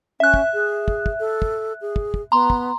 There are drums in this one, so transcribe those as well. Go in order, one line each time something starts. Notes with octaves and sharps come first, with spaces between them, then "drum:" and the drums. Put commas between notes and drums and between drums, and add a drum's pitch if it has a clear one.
C#4 E5 F#6
drum: kick
G#4
drum: kick
drum: kick
A4
drum: kick
G#4
drum: kick
drum: kick
B3 A#5 C6
drum: kick